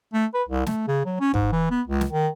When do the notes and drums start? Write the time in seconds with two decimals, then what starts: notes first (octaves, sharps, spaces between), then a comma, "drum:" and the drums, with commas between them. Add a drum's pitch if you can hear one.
0.13 A3
0.34 B4
0.49 C2
0.66 A3, drum: snare
0.88 C#3
1.06 F#3
1.20 C#4
1.34 G#2, drum: kick
1.52 E3
1.70 B3
1.88 C#2
2.01 drum: snare
2.11 D#3